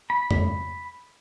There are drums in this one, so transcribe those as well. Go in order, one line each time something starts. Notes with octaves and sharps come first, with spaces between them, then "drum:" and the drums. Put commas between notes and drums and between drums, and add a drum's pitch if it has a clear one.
B5
drum: tom F2